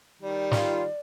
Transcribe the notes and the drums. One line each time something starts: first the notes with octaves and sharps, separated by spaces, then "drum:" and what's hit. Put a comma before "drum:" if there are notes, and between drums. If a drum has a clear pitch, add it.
D#3 G3 D5
F4, drum: snare